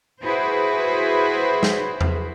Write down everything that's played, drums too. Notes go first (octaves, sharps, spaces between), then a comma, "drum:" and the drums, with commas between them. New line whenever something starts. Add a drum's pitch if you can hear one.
E4 F#4 G#4 B4 C5
drum: snare
drum: tom E2